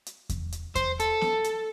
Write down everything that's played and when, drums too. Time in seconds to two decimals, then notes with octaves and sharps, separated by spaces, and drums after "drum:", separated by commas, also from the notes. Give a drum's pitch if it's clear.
0.06 drum: hi-hat
0.29 drum: kick E2, hi-hat
0.52 drum: hi-hat
0.75 C5, drum: kick E2, hi-hat
1.00 A4, drum: hi-hat
1.21 drum: snare B3
1.44 drum: hi-hat